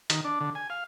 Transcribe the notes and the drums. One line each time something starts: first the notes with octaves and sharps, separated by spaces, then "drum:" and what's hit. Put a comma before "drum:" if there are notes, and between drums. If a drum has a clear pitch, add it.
D#3, drum: hi-hat
D4
D3
G#5
F5